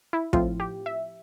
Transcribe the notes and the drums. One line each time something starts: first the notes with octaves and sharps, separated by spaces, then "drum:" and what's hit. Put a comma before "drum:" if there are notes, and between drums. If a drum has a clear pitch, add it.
E4
A2 F3 C4 F4, drum: kick
G4
E5